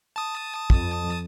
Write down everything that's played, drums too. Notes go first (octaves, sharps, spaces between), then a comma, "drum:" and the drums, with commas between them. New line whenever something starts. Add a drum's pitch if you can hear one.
A5 D#6
F2, drum: kick